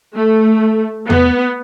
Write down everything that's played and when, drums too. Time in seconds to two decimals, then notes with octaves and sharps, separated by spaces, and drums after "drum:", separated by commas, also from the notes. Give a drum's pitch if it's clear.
0.16 A3
1.10 B3, drum: tom E2